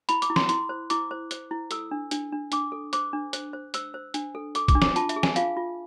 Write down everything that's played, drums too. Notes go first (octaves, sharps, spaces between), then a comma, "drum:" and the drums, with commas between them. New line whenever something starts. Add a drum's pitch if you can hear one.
E4 B5, drum: hi-hat
D6, drum: hi-hat
E4
C6, drum: snare
E4 C6, drum: hi-hat
C5
E4 D6, drum: hi-hat
C5
C5, drum: hi-hat
E4
A4 E6, drum: hi-hat
D4
D4, drum: hi-hat
D4
D4 D6, drum: hi-hat
A4
C5 D6, drum: hi-hat
D4
C5, drum: hi-hat
C5
C5 E6, drum: hi-hat
C5
D4, drum: hi-hat
A4
A4 D6, drum: hi-hat
D6, drum: kick, hi-hat
D4
D6, drum: snare
F4 A5, drum: hi-hat
E5, drum: hi-hat
G#4
G#5, drum: snare
F4 F5, drum: hi-hat
F4